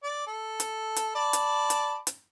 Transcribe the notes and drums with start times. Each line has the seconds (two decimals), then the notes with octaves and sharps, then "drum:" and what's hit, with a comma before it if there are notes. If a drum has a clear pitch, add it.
0.03 D5
0.27 A4
0.60 drum: hi-hat
0.96 drum: hi-hat
1.15 D5 A5 B5
1.33 drum: hi-hat
1.70 drum: hi-hat
2.07 drum: hi-hat